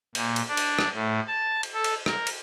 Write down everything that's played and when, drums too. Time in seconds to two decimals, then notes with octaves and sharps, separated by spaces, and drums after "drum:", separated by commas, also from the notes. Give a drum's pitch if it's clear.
0.15 A#2, drum: cymbal
0.36 drum: cymbal
0.48 D4
0.57 drum: cymbal
0.79 drum: rim click
0.94 A2
1.27 A5
1.63 drum: cymbal
1.74 A4
1.84 drum: cymbal
2.06 A#4, drum: rim click
2.27 drum: cymbal